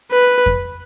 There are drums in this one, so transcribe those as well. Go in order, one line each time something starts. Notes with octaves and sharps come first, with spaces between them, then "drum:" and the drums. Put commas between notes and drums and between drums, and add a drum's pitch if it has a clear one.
B4
drum: kick F2